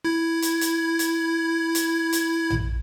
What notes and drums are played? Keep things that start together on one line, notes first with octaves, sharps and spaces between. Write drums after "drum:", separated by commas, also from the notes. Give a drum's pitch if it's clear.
E4 G#6
drum: hi-hat
drum: hi-hat
drum: hi-hat
drum: hi-hat
drum: hi-hat
drum: tom A#1